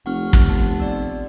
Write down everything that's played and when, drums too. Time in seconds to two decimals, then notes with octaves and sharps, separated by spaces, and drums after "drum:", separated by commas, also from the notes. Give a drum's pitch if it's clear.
0.06 F1 F#5 C#6 F6
0.33 drum: kick
0.48 B3 F#5 A5
0.80 B3 D5 E6